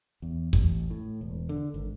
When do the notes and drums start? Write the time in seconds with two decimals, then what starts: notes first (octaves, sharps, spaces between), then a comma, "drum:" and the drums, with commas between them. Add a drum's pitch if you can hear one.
0.22 E2
0.53 A1, drum: kick
0.90 A2
1.21 E1
1.49 D3
1.74 G#1